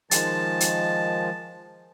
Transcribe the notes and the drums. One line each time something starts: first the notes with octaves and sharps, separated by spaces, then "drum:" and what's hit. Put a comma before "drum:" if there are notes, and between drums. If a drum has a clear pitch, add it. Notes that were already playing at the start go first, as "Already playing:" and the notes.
D#3 F3 G#3 A5, drum: hi-hat
drum: hi-hat